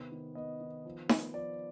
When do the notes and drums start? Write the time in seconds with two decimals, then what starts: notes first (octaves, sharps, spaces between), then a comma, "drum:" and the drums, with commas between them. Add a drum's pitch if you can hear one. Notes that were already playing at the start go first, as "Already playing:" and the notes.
Already playing: C3 D#3 B3
0.12 D#3
0.35 B3 D#5
0.61 D#3
0.85 F3
1.09 B3, drum: snare D#4
1.34 F3 D5